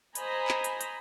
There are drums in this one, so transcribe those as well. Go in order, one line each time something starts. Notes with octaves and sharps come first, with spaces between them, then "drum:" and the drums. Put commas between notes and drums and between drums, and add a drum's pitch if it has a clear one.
C5 D#5 G#5 A#5 B5, drum: hi-hat
drum: clap
drum: hi-hat
drum: hi-hat